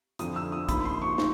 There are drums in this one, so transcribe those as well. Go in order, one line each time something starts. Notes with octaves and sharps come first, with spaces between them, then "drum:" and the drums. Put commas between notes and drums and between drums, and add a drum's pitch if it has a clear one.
F2 D3 F3 D#6, drum: hi-hat
E6
D#6
C#3 F3 A#3 D#4 B5, drum: kick, hi-hat
B5
C6
C#6
D#4, drum: snare